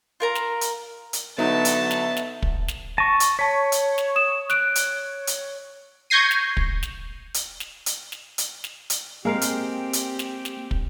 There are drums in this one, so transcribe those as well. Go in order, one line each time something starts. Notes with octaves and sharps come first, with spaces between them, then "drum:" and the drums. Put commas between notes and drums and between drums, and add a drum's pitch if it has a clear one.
F4 A#4 A#5
drum: snare
drum: hi-hat
drum: hi-hat
D3 F#3 B3 D#4 E5 A5
drum: hi-hat
drum: snare
drum: snare
drum: kick
drum: snare
A5 C#6 A#6 D#7
drum: hi-hat
C#5 A5 B6
drum: hi-hat
drum: snare
D#6 E7
F#6 D7, drum: snare
drum: hi-hat
drum: hi-hat
C#6 G6 G#6 A#6 C7 D#7
drum: snare
drum: kick
drum: snare
drum: hi-hat
drum: snare
drum: hi-hat
drum: snare
drum: hi-hat
drum: snare
drum: hi-hat
G#3 A#3 C4 G4 A#4 F5
drum: hi-hat
drum: hi-hat
drum: snare
drum: snare
drum: kick